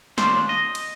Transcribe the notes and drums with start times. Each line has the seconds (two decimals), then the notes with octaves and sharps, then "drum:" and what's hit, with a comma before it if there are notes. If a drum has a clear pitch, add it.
0.18 D#2 C#4 D4 F4 C5, drum: snare
0.49 D#5
0.75 drum: cymbal